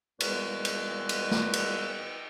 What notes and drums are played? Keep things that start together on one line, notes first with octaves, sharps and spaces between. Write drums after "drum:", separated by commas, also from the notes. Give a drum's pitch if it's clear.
A#2 E3 G3 G#3 B3 F#4, drum: cymbal
drum: cymbal
drum: cymbal
drum: snare
drum: cymbal